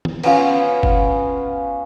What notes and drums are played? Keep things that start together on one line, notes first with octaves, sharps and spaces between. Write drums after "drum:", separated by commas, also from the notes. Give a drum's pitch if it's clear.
drum: tom
B3 C#4 F4 F5, drum: cymbal
drum: kick